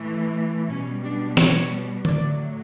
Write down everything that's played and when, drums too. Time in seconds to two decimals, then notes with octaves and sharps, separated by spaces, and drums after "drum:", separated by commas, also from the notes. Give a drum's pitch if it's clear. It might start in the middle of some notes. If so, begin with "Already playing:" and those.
Already playing: A2 E3 A3
0.68 B2 G3 C#4
1.03 D4
1.37 C#5, drum: snare
2.05 A2 F#3 A3 D5, drum: tom D3